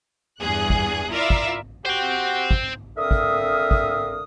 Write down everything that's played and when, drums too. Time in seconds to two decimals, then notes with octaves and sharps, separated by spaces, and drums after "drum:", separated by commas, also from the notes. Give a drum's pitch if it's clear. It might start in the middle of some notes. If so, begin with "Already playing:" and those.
0.40 E2 G2 G#4 F#6
0.70 drum: kick
1.10 E4 F4 A#4 D5 E5 F5
1.30 drum: kick
1.85 F#4 G4 C5 F#5 G5
2.51 drum: kick
2.97 D3 C4 A#4 E5 F5 D#6
3.11 drum: kick
3.71 drum: kick